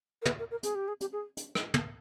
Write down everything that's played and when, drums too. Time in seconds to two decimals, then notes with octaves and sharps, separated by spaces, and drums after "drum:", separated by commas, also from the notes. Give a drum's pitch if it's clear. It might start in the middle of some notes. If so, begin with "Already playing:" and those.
0.22 A#4
0.26 B4, drum: tom
0.39 A#4
0.51 A#4
0.63 G#4, drum: hi-hat
0.75 G4
0.88 G#4
1.01 G4, drum: hi-hat
1.13 G#4
1.37 drum: hi-hat
1.55 drum: rim click
1.74 drum: tom